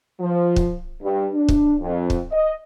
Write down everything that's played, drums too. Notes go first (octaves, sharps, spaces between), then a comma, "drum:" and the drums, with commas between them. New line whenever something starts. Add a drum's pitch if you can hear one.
F3
drum: kick
G2
D4
drum: kick
F2
drum: kick
D#5